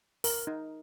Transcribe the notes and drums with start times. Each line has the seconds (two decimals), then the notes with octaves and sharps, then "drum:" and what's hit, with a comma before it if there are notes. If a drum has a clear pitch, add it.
0.24 A#4, drum: open hi-hat
0.47 D#4